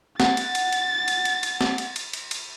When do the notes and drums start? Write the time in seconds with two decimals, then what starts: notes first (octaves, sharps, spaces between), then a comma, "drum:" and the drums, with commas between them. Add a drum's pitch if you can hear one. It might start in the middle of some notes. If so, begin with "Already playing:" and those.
0.20 F#5 A6, drum: snare
0.37 drum: cymbal
0.55 drum: cymbal
0.72 drum: cymbal
1.08 drum: cymbal
1.25 drum: cymbal
1.43 drum: cymbal
1.61 drum: snare
1.78 drum: cymbal
1.96 drum: cymbal
2.13 drum: cymbal
2.31 drum: cymbal